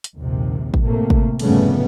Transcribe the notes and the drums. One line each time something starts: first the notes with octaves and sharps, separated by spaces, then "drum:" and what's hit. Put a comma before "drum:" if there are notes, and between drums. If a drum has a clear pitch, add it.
drum: hi-hat
A#1 D#2 G#2 C3
drum: kick
A2 C3 A3 A#3
drum: kick
F1 G#2 C#3 G3 A3 B3, drum: cymbal